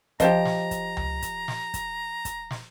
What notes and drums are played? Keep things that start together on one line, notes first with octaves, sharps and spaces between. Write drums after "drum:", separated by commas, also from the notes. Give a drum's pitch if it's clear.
F3 G4 C5 D#5 A#5, drum: kick, hi-hat
drum: snare
drum: kick, hi-hat
drum: tom C#2
drum: kick, hi-hat
drum: snare
drum: kick, hi-hat
drum: kick, hi-hat
drum: snare